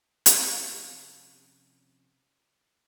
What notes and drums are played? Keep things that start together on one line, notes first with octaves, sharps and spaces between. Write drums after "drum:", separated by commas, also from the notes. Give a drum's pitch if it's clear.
drum: hi-hat
C3 F3 C#4 C#5